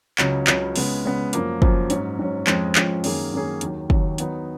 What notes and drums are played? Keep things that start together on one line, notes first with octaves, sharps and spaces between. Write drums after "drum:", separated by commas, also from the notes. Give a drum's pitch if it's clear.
C#2 C#3 F#3 C#4, drum: clap
C#2 C#3 F#3 C#4, drum: clap
C#3 G#3 B3, drum: open hi-hat
C#3 G#3 B3
F#2 F3 A#3, drum: hi-hat
F#2 F3 A#3, drum: kick
G#2 F#3 C#4, drum: hi-hat
G#2 F#3 C#4
F2 F3 G#3 C#4, drum: clap
F2 F3 G#3 C#4, drum: clap
F#2 D#3 A#3 C#4 G#4, drum: open hi-hat
F#2 D#3 A#3 C#4 G#4
D#2 D#3 F#3, drum: hi-hat
D#2 D#3 F#3, drum: kick
D#3 F#3 B3 D#4, drum: hi-hat